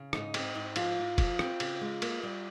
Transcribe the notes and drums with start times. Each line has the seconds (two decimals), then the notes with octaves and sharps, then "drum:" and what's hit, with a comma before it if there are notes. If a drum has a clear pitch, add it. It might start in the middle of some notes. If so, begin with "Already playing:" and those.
Already playing: C#3
0.13 G#2 D#4, drum: rim click
0.34 C4, drum: cymbal
0.55 G#2
0.76 F3 F4, drum: cymbal
0.97 G#2
1.18 F3, drum: kick, cymbal
1.39 C4, drum: rim click
1.60 C#3, drum: cymbal
1.81 G#3
2.02 A#3, drum: cymbal
2.23 G3